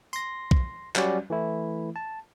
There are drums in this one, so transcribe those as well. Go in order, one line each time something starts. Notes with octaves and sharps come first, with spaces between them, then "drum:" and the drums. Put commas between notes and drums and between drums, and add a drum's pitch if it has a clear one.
C6 A#6, drum: tambourine
drum: kick B1
F#3 G3 C#4 F#4 D5, drum: clap
E3 A3 E4
A5